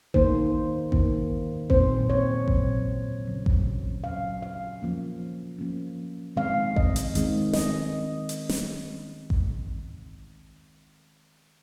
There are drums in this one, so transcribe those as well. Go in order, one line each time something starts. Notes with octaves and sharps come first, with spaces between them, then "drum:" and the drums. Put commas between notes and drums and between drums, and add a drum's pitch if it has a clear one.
D#3 A#3 D#4 C5, drum: kick A1
D#3 A#3 D#4, drum: kick A1
A#2 F#3 C4 C5, drum: kick A1
C#5
A#2 F#3 C4, drum: kick A1
C#3 F#3 C#4
drum: kick A1
C#3 F#3 C#4 F5
F5
F3 A#3 C#4
F3 A#3 C#4
D#3 G#3 C4 F5
D#5, drum: kick A1
drum: hi-hat
D#3 G#3 C4, drum: hi-hat
D#5, drum: snare
drum: hi-hat
drum: snare
drum: kick A1